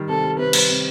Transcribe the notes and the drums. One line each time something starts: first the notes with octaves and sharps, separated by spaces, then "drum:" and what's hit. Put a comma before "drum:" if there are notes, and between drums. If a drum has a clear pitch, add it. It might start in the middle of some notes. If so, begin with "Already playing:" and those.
Already playing: D#3 G3
C3 A4
G3
C3 B4
G3, drum: cymbal
C3